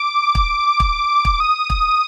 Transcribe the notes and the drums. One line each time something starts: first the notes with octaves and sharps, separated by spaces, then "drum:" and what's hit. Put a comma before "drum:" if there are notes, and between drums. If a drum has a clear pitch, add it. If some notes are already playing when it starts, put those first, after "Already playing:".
Already playing: D6
drum: kick
drum: kick
drum: kick
D#6
drum: kick